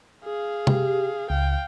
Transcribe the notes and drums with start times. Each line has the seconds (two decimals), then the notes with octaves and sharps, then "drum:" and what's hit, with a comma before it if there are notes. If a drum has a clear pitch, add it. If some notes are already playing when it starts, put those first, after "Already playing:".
0.24 G#4 F5
0.67 G4, drum: tom
1.30 C#2 F5 G5